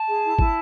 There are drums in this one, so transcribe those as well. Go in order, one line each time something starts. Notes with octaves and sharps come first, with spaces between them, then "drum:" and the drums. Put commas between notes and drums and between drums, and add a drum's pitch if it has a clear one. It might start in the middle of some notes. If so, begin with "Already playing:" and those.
Already playing: A5
G#4
E4
E4, drum: kick G#1